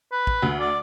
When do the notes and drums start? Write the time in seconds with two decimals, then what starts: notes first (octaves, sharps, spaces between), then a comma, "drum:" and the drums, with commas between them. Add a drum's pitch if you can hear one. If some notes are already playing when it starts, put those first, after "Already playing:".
0.12 B4
0.27 drum: kick
0.42 D2
0.60 D5